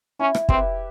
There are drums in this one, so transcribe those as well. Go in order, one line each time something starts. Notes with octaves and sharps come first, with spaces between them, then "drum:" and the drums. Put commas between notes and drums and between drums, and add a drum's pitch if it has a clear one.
C#4 E4
drum: rim click
C4 G4 B4 E5, drum: kick